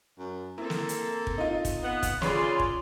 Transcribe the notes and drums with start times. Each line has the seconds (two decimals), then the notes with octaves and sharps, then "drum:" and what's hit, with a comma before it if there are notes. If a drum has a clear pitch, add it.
0.19 F#2
0.58 A#3 C4 E4 A4
0.70 drum: snare
0.89 drum: hi-hat
1.27 drum: kick
1.38 D#4 F4
1.65 drum: kick, hi-hat
1.83 B3 F#5
2.03 drum: kick, hi-hat
2.22 C#3 F4 G#4 B4 C#5 D5 C6, drum: snare
2.60 drum: kick